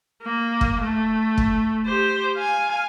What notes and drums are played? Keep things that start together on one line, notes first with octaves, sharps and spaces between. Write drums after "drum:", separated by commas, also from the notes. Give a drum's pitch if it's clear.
A#3
drum: kick
A3
drum: kick
G4 C5
F5 G#5